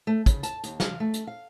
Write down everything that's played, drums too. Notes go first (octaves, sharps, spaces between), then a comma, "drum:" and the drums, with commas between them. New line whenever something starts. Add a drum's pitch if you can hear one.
A3
C#3, drum: kick, hi-hat
A5, drum: hi-hat
D#2, drum: hi-hat
F5, drum: snare
A3
drum: hi-hat
F5